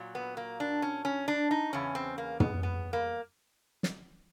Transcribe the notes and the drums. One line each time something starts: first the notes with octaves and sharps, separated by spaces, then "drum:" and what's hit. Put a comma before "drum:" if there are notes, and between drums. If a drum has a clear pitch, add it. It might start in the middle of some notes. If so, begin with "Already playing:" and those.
Already playing: A#2 F#3
B3
A#3
D4
C#4
C#4
D4
D#4
E2 C#3 C#4
C4
A#3
B3, drum: tom
B3
A#3
drum: snare